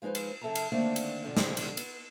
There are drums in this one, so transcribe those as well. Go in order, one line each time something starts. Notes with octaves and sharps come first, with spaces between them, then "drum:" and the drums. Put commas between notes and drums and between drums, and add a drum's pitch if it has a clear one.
F3 G#3 D#4 B4 C5
drum: cymbal
F#2 C#3 A4 E5 A5 A#5
drum: cymbal
D3 D#3 A3 A#3 C4 D4
drum: cymbal
G#2 B2 D3 F3 C4 D4
drum: snare
drum: cymbal
B3, drum: cymbal